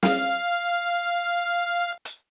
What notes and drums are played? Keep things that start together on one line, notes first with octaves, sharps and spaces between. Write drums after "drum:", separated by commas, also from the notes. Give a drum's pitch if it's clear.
F5 F6, drum: snare
drum: hi-hat